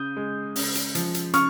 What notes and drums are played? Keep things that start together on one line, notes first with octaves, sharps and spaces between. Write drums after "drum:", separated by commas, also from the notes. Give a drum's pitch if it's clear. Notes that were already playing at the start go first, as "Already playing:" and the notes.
Already playing: C#3 D#6 G6
G#3
C#3, drum: open hi-hat
drum: hi-hat
F3, drum: hi-hat
drum: hi-hat
C#3 C#6 F6, drum: hi-hat